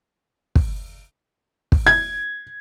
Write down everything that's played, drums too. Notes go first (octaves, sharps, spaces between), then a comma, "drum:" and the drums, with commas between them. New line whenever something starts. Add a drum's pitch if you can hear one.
drum: kick
drum: kick
G#6